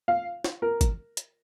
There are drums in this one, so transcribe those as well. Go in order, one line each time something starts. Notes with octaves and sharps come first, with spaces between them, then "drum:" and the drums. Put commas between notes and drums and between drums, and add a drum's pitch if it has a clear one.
F5
drum: snare
A#4
drum: kick, hi-hat
drum: hi-hat